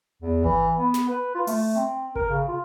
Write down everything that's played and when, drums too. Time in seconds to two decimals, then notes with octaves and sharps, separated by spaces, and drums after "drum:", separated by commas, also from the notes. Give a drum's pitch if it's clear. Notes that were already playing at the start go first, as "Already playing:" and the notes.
0.22 E2
0.44 E3, drum: kick G#1
0.78 B3
0.94 drum: snare
1.08 B4
1.35 F4
1.47 A3, drum: open hi-hat
1.76 C4
2.16 A#4, drum: kick G#1
2.30 C#3
2.48 F4